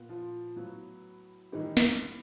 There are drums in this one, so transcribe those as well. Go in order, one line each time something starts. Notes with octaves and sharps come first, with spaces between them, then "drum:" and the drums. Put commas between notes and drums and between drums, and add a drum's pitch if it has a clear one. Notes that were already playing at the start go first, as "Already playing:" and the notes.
Already playing: A#2 B3
F3 F4
A2 F#3 B3
A2 D#3 E3 G3 D#4
drum: snare